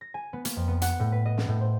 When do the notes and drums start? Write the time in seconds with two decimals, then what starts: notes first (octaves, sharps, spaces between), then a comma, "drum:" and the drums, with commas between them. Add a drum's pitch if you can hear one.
0.01 A#6
0.14 G#5
0.33 B3
0.45 A#3, drum: hi-hat
0.56 F2
0.68 B3
0.82 F#5, drum: hi-hat
1.00 A2
1.12 B4
1.26 D#5
1.38 drum: snare
1.48 A2
1.61 C5